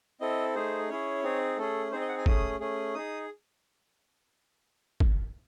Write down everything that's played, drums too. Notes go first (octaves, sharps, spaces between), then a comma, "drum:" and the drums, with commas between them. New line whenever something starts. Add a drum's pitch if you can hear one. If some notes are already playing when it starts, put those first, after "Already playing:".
C4 E4 A4 D#5
A3 D#4 G#4 C5
C#4 E4 G#4 C#5
C4 D#4 G#4
A3 C#4 G#4 A4
C4 D#4 G#4 C5
D#5
F#5
G#5
A3 C#4 G#4 D#6, drum: kick
A3 C#4 G#4
D#4 G#4 D#6
drum: kick